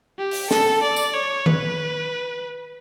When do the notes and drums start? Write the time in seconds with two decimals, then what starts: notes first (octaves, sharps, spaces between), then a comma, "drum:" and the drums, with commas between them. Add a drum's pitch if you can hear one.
0.19 G4
0.31 drum: open hi-hat
0.51 A4, drum: snare
0.82 D5
0.96 drum: tambourine
1.14 C#5
1.46 B4, drum: tom D#3